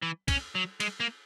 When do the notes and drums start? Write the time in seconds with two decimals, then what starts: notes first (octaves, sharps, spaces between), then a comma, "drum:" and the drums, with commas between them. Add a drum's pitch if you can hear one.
0.02 E3
0.28 C#4, drum: kick, cymbal
0.55 F#3
0.80 G#3, drum: cymbal
1.00 A#3